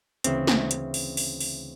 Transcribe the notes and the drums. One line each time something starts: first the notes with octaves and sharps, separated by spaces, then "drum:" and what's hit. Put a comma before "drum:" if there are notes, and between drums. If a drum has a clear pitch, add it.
D2 C#3 E3 C4, drum: hi-hat
drum: snare
drum: hi-hat
drum: open hi-hat
drum: open hi-hat
drum: open hi-hat